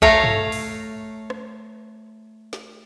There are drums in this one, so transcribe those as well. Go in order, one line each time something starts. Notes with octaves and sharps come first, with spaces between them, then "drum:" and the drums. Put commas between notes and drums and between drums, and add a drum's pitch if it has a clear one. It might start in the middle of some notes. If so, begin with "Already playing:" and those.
A3 C#5 F5 A#5, drum: kick B1
drum: tom
drum: open hi-hat
drum: rim click
drum: snare